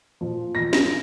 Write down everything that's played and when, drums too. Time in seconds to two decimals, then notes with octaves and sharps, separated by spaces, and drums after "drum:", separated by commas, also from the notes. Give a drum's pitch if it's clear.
0.21 A#2 F3
0.55 A#2 F3 A#6
0.73 A#6, drum: snare